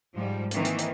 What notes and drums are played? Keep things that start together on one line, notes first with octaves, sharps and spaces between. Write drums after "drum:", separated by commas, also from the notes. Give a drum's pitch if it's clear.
G#2 F3 G3
D#3 E3 A#3 C4, drum: hi-hat
drum: hi-hat
drum: hi-hat